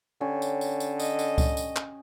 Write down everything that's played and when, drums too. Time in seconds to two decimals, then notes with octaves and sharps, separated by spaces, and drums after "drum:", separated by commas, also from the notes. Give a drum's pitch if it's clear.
0.21 D3 C#4 G4
0.42 drum: tambourine
0.61 drum: tambourine
0.80 drum: tambourine
1.00 D#5, drum: tambourine
1.19 drum: tambourine
1.38 drum: kick C#2, tambourine
1.57 drum: tambourine
1.76 drum: clap